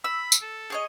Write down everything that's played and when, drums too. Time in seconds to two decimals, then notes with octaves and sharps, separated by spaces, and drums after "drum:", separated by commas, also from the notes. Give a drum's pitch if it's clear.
0.04 B5 E6
0.32 drum: tambourine
0.42 A4
0.70 G#4 C#5 D#5